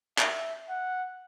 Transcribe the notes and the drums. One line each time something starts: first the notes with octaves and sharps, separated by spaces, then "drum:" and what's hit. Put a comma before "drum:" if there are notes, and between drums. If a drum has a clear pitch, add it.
E5, drum: clap
F#5